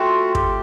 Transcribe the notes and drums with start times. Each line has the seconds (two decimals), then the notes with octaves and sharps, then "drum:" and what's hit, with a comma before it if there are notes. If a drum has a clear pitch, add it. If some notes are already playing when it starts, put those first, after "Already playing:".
Already playing: A3 C4 F4 F#4
0.35 G4, drum: kick